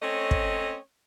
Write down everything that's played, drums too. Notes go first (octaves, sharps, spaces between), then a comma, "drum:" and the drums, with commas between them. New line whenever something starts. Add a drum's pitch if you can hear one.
A3 C4 C#4 C#5 D#5
drum: kick